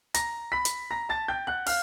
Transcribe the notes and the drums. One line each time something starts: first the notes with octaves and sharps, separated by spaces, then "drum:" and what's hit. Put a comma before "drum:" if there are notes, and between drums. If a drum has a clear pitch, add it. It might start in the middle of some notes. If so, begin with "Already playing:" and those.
A#5 A#6, drum: hi-hat
B5 B6
drum: hi-hat
A#5 A#6
A5 A6
G5 G6
F#5 F#6
F5 F6, drum: open hi-hat